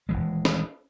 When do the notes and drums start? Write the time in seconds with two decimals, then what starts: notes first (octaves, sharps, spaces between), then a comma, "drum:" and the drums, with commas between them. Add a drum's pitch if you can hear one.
0.09 D#1 D#2 E3 G#3
0.45 drum: snare